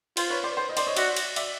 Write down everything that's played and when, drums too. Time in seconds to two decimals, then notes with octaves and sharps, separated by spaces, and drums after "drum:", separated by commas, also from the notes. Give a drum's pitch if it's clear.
0.17 F4 C5, drum: cymbal
0.30 B4 C#5
0.43 C5 D5
0.57 C5
0.69 D#5
0.77 C5 D5, drum: cymbal
0.86 C#5 D#5
0.97 F#4 D5 E5, drum: cymbal
1.16 drum: cymbal
1.36 D5 E5, drum: cymbal